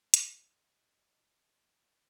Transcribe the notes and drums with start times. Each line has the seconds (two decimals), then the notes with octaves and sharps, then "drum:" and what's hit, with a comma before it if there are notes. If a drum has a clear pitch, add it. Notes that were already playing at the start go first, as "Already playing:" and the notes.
0.14 D#5 G#5, drum: hi-hat